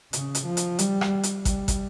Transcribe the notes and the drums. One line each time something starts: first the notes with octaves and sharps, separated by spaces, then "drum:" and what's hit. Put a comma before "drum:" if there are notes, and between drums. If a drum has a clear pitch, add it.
C#3, drum: hi-hat
drum: hi-hat
F3
drum: hi-hat
G3, drum: hi-hat
drum: rim click
drum: hi-hat
G3, drum: kick, hi-hat
drum: kick, hi-hat